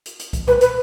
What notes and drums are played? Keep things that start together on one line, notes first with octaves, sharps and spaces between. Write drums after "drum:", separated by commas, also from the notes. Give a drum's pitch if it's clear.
drum: hi-hat
drum: hi-hat
drum: kick B1, hi-hat
B4, drum: tom A2
B4, drum: hi-hat